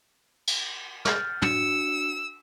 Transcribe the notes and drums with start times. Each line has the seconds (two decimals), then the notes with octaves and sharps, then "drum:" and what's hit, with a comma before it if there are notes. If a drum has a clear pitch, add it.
0.47 drum: cymbal
1.05 F6 G6 A6, drum: snare
1.42 D4 F#4 E6 C#7, drum: tom